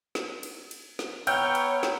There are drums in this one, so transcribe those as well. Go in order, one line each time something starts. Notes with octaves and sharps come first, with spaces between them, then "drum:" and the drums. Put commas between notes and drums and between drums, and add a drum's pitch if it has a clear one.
drum: snare
drum: cymbal
drum: cymbal
drum: snare
B3 C#5 G5 A#5 E6 F6 G6, drum: cymbal
drum: cymbal
drum: snare